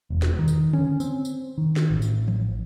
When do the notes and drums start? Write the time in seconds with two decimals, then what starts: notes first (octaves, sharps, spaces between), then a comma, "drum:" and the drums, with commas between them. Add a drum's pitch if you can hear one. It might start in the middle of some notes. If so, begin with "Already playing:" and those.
0.10 E1
0.22 drum: snare
0.39 D#3
0.48 drum: tambourine
0.73 C#4, drum: tom C#3
1.00 C4, drum: tambourine
1.25 drum: tambourine
1.58 D#3
1.76 drum: snare
1.90 A1
2.02 drum: tambourine
2.28 drum: tom E3